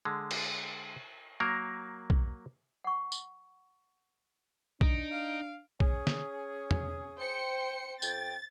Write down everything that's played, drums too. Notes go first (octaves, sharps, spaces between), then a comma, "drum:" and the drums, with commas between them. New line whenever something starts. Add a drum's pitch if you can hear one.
D3 G#3
drum: cymbal
F#3 A#3 A#4
drum: kick
F#5 C#6
drum: tambourine
D4 D#4 D7, drum: kick
F5
C#4 G#4, drum: kick
drum: snare
drum: tom
C5 G5 C#7
F2 G5 A6, drum: tambourine